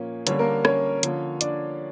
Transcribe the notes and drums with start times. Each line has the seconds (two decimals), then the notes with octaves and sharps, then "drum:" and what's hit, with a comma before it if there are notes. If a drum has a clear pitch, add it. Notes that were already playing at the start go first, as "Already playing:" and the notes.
Already playing: A#2 F3 A#3 C#4
0.27 D3 G3 A#3 C#4 C#5, drum: hi-hat
0.39 A#3 A#4
0.65 C#4 C#5, drum: rim click
1.03 D3 F3 A#3, drum: hi-hat
1.41 D4 D5, drum: hi-hat